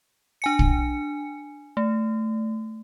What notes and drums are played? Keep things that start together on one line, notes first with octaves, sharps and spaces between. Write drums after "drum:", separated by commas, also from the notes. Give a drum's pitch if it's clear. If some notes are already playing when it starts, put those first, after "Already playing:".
D4 G#5 C#7
drum: kick
A3